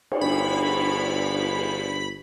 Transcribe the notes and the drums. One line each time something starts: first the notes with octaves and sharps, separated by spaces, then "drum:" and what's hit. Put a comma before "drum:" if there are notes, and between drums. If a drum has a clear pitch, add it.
drum: cymbal
G1 B5